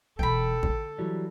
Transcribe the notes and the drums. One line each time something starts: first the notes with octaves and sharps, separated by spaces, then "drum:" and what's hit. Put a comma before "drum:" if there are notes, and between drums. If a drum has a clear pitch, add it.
E1 E3 A4 G5 B5
D3, drum: kick
E3 F#3 G3